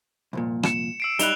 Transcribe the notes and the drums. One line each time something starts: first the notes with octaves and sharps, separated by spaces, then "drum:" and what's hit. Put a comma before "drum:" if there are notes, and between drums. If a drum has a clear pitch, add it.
C2 F2 A#2
C#7 E7, drum: rim click
E6 C7 D7
G3 D#4 E4 F#6 F7 G7, drum: hi-hat